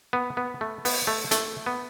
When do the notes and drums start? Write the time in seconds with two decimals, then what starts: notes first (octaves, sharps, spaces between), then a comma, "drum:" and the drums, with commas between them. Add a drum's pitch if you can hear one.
0.13 B3
0.37 B3
0.61 A3
0.85 B3, drum: open hi-hat
1.07 A3
1.31 A3, drum: hi-hat
1.66 B3